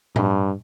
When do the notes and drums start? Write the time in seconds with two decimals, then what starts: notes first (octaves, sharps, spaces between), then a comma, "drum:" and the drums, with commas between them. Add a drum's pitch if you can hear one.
0.16 G2, drum: tom A2